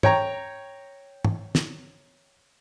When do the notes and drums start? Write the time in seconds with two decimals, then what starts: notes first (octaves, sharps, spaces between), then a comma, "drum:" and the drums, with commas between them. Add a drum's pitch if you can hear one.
0.03 C#5 G5 A#5, drum: tom G#2
1.25 drum: tom G#2
1.55 drum: snare